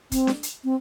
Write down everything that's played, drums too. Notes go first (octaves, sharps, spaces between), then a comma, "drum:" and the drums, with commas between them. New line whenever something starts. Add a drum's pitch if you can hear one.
C4, drum: kick, hi-hat
drum: snare D4
drum: hi-hat
C4